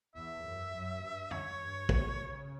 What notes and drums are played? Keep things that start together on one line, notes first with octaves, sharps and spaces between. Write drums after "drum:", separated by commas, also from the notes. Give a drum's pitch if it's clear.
E2 E5
F#2
F#2
G2
F#2 C#5, drum: tom F2
G2
B2, drum: kick
C#3